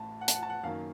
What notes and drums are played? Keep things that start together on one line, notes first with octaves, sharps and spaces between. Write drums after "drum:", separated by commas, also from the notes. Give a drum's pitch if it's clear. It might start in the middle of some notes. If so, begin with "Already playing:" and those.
Already playing: A1 A2 A5
F#5
A5, drum: hi-hat
F#5
A5
F#5
F#2 D#3 F#3 A#3 F5